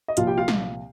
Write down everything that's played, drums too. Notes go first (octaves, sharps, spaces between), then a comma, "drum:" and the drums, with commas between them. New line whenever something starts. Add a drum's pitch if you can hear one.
D#5
C2 A#2 F3 F4 F5, drum: hi-hat
G4 G5
F4 F5
drum: snare